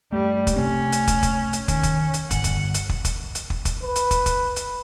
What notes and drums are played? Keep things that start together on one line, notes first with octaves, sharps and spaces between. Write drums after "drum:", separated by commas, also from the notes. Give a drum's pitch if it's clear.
G2 G3 A3
drum: kick, hi-hat
C3 A3 C4 C#4
drum: hi-hat
drum: kick, hi-hat
drum: kick, hi-hat
drum: hi-hat
D#3 C#4, drum: kick, hi-hat
drum: kick, hi-hat
drum: hi-hat
G1 F#5, drum: kick, hi-hat
drum: kick, hi-hat
drum: hi-hat
drum: kick
drum: kick, hi-hat
drum: hi-hat
drum: kick
drum: kick, hi-hat
B4
drum: hi-hat
drum: kick, hi-hat
drum: kick, hi-hat
drum: hi-hat